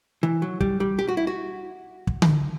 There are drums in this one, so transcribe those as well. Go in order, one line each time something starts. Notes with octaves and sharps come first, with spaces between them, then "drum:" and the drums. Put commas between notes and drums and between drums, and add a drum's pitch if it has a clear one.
E3
F#3
G3, drum: kick
G3
G4
F#4
E4
F#4
drum: kick
drum: tom D3